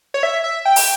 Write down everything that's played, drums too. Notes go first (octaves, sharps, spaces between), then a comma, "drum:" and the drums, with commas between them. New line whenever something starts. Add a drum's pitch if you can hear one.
C#5
E5
E5
G5
drum: open hi-hat